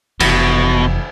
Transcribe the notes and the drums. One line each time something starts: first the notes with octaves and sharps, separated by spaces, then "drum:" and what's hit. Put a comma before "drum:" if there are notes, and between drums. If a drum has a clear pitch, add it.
F1 B2 E3, drum: cymbal